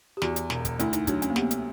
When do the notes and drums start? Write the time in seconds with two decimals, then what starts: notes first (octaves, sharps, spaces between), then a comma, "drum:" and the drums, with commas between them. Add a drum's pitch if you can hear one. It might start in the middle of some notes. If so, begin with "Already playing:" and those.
0.17 G4
0.22 E2 F#4, drum: snare
0.36 drum: hi-hat
0.50 E1, drum: snare
0.65 drum: kick, hi-hat
0.79 D2 E4, drum: hi-hat
0.93 D#4, drum: hi-hat
1.07 F#3 D4, drum: kick, hi-hat
1.22 C#4, drum: hi-hat
1.30 A#3
1.36 C3 B3, drum: snare
1.51 drum: hi-hat